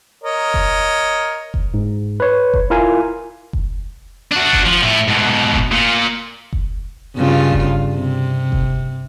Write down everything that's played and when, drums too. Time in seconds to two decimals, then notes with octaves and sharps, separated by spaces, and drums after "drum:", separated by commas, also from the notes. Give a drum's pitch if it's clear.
0.24 A#4 C#5 D#5
0.54 drum: kick F1
1.54 drum: kick F1
1.74 G#2
2.20 B4 C#5
2.54 drum: kick F1
2.70 E4 F4 A#4 F5 G#5
3.53 drum: kick F1
4.31 D4 F#4
4.53 drum: kick F1
4.66 F3
4.83 A2 E4
5.08 G#2 B2
5.53 drum: kick F1
5.71 A#2
6.53 drum: kick F1
7.16 G2 C#3 F4
7.52 drum: kick F1
7.95 C3
8.52 drum: kick F1